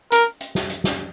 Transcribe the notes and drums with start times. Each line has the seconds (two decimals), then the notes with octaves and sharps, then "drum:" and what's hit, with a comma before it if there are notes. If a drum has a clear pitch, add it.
0.12 A#4, drum: hi-hat
0.41 drum: hi-hat
0.55 drum: snare
0.70 drum: hi-hat
0.84 drum: snare